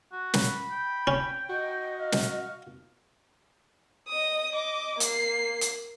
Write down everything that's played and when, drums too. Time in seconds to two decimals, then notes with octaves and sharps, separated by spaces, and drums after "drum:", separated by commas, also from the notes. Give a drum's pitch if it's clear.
0.12 F#4
0.34 B5, drum: snare
0.71 G5
1.07 C#4
1.50 F#4 D#5
2.00 F5
2.12 drum: snare
4.09 D#5 D#6
4.52 D#5 D6
5.00 A#3 C7, drum: hi-hat
5.61 drum: hi-hat